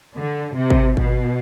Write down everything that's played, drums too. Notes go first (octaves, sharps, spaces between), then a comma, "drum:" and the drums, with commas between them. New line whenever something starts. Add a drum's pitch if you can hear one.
D3
C3
drum: kick G#1
B2, drum: kick G#1